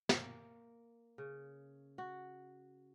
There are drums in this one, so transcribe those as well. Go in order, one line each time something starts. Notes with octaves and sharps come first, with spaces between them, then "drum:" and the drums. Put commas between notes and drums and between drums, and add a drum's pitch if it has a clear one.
A#3, drum: snare
C#3
F#4